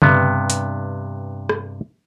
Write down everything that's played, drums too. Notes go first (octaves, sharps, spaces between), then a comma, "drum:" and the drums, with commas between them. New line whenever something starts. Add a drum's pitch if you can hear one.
G2 C3 B3, drum: tom C#3
drum: hi-hat
drum: rim click